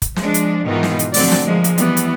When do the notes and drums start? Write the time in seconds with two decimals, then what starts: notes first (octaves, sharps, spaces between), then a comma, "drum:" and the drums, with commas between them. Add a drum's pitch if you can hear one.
0.02 drum: kick, hi-hat
0.16 F3 G#3 D4, drum: snare
0.34 drum: hi-hat
0.67 G#2 B2 D#3 E3 D#4 F4
0.83 drum: snare
0.99 drum: hi-hat
1.14 D3 F3 F#3 A3 C4 D5, drum: open hi-hat
1.32 drum: snare
1.43 F3 G#3 A#3
1.64 drum: hi-hat
1.78 E3 G3 B3, drum: hi-hat
1.97 drum: hi-hat